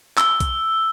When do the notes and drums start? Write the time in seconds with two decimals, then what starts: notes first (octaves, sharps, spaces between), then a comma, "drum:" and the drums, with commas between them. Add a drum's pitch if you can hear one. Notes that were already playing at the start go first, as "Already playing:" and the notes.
0.18 E6, drum: clap
0.40 drum: kick B1, hi-hat